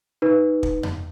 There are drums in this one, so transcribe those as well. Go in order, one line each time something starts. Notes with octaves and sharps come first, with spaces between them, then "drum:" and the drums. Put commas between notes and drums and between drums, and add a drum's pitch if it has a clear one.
D#4 B4
drum: kick
drum: tom F2